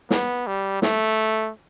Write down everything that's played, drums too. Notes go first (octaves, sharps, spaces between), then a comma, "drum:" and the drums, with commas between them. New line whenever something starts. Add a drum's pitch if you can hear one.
B3, drum: snare
G3
A3, drum: snare